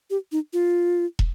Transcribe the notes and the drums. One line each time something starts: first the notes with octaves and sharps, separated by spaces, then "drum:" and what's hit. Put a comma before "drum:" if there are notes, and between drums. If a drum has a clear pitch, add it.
G4
D#4
F4
drum: kick